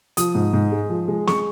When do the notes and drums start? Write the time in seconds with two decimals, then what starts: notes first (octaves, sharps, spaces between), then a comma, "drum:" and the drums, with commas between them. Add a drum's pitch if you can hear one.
0.17 F3 D#6, drum: hi-hat
0.35 G#2
0.53 G#2
0.72 G#3
0.90 F3
1.08 G#3
1.27 G#3 C#6, drum: snare